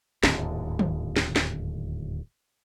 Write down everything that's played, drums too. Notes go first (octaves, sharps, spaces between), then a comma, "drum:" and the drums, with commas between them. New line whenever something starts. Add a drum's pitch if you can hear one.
D1 D#2 G#2 D3, drum: snare
drum: tom
drum: snare
drum: snare